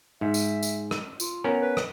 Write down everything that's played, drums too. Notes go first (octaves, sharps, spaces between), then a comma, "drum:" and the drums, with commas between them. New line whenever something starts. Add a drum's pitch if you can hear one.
G#2 E5
drum: tambourine
drum: tambourine
drum: rim click
F4, drum: tambourine
B3 C#4 A#4
B4
drum: rim click